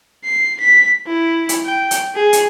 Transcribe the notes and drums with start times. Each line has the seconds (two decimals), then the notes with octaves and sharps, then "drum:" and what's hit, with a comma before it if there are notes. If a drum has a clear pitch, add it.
0.24 C7
0.60 B6
1.07 E4
1.49 drum: hi-hat
1.66 G5
1.91 drum: hi-hat
2.15 G#4
2.33 drum: hi-hat